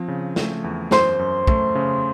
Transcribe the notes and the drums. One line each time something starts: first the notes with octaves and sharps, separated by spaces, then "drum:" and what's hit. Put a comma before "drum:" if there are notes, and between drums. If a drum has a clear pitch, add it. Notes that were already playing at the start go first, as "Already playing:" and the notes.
Already playing: F3 C4
C#3
A3, drum: snare
E2
F#2 C5, drum: snare
F#2
A3, drum: kick
C#3